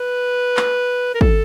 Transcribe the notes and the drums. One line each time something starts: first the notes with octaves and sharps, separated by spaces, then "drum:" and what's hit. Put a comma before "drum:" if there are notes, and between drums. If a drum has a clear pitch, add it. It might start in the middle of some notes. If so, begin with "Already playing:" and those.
Already playing: B4
drum: clap
A#4
A4, drum: kick